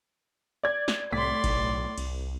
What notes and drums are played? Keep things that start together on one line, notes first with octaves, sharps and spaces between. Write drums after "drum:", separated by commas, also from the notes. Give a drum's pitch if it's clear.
D5 G#6
drum: snare
C2 A2 D5 C6 B6
B1, drum: kick G1, cymbal
C2, drum: cymbal